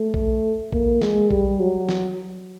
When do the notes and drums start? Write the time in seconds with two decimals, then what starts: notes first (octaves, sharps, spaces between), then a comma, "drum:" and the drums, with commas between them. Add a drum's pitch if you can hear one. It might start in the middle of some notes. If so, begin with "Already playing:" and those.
Already playing: A3
0.14 drum: kick A#1
0.72 A#3, drum: kick A#1
1.01 G#3, drum: snare
1.31 G3, drum: kick A#1
1.60 F#3
1.89 drum: snare